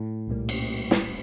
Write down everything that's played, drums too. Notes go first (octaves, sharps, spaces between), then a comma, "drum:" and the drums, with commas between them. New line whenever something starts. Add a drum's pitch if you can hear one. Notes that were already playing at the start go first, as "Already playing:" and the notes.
Already playing: A2
C2 A#2 G3 A#3
drum: cymbal
drum: snare